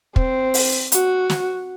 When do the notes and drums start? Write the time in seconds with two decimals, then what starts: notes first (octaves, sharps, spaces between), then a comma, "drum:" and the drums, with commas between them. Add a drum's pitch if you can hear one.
0.16 C4, drum: kick
0.54 drum: open hi-hat
0.92 F#4, drum: hi-hat
1.30 drum: snare